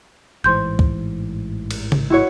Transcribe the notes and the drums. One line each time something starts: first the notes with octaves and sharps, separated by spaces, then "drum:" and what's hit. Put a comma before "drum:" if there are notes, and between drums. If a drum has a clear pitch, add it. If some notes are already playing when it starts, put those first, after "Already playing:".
A1 G#2 E3 C5 C6 G6
drum: kick
drum: cymbal
drum: tom C#3
E4 F#4 C#5